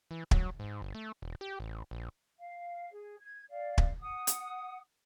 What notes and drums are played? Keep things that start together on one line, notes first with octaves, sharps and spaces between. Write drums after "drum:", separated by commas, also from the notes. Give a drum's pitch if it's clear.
E3
F#3, drum: kick
G#2
G1
A3
E1
G4
A1
A#1
F5
G#4
G#6
D5 F5
drum: kick
F#5 D#6
drum: hi-hat